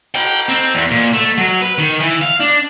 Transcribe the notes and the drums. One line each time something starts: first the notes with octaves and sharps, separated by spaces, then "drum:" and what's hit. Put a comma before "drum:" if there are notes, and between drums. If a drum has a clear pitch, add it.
G5, drum: cymbal
C4
E2
A#2
A3
F#3
B4
D#3
E3
F5
D4